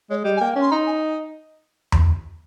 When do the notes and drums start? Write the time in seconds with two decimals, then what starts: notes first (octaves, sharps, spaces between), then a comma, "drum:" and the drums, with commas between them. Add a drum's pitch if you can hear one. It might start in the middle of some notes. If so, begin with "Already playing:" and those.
0.10 G#3 C#5
0.24 G3 D#5
0.36 G#5
0.41 A#3 G5
0.55 C#4
0.61 C6
0.71 D#4 A#5
0.87 G#5
1.92 drum: tom E2